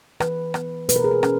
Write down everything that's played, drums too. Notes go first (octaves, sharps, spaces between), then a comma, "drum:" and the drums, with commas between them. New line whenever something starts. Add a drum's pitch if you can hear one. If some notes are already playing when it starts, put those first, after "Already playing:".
E3 B4, drum: rim click
B3, drum: rim click
B2 B4, drum: hi-hat
A#4
G#4
A#4
C#4, drum: rim click